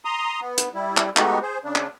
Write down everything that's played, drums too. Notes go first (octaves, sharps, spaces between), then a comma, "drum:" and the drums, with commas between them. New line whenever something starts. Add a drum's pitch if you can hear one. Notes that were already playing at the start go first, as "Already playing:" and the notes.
A#5 C6 D#6
B3
drum: hi-hat
G3 E4
drum: clap
G#3 A3 B3 D#4 F#4 G4, drum: clap
G#4 C5
C#3 D4
drum: clap